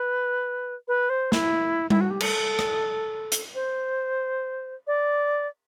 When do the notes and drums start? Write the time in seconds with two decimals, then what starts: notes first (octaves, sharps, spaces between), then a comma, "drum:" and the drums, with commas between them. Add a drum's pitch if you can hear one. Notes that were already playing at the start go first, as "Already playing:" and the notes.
Already playing: B4
0.88 B4
1.09 C5
1.32 E4, drum: snare
1.90 E4, drum: tom G3
2.01 F#4
2.10 G4
2.20 A4, drum: cymbal
2.59 drum: rim click
3.32 drum: hi-hat
3.55 C5
4.87 D5